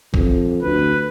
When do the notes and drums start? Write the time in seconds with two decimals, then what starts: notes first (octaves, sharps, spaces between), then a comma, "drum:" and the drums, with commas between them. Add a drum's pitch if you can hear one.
0.14 F2, drum: kick A#1
0.62 D2 B4